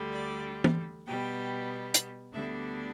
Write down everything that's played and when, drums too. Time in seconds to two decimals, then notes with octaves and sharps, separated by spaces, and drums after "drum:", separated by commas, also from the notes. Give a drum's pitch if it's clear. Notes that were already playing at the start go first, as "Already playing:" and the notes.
Already playing: D2 D3 G3
0.11 D5
0.64 drum: tom
1.06 B2 G3 B3 G5
1.94 drum: hi-hat
2.33 D2 D3 G3 B3 D4 E5